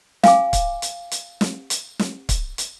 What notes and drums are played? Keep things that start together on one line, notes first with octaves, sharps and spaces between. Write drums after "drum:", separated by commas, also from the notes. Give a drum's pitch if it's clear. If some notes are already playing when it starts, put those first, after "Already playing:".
F5 G#5 D6, drum: snare
drum: kick C#1, hi-hat
drum: hi-hat
drum: hi-hat
drum: snare
drum: hi-hat
drum: snare
drum: kick C#1, hi-hat
drum: hi-hat